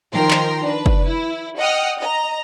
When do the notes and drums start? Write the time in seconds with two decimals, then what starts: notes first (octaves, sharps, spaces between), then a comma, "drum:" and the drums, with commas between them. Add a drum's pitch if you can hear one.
0.13 D#3 F3 A#4 G5 A#5 C6
0.31 drum: clap
0.62 D4 B4
0.86 drum: kick
1.06 E4
1.58 D#5 F#5 G5 D#6 F6
1.99 D#5 A#5